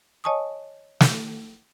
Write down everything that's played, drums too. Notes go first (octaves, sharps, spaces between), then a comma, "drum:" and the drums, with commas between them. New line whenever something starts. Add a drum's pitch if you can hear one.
C#5 D#5 G#5 A5 C#6 D#6
drum: snare